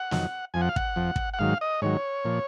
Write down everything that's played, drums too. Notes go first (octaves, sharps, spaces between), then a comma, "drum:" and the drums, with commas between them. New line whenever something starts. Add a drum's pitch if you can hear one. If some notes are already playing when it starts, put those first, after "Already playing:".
Already playing: F#5
F2 D#3 F#3, drum: snare
F2 F3 G#5
F#5
F5
F#5, drum: kick
F2 F3
drum: kick
F#5
G#2 D#3 F#3 F5
D#5
G#2 D#3 F#3 C#5
A#2 F3